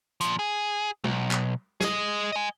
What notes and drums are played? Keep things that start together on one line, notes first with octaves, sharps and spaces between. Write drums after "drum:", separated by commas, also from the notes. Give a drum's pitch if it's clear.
A#2 F3, drum: hi-hat
G#4
B1, drum: tom G#3
drum: clap
G#4 D#5, drum: snare
D#5 G#5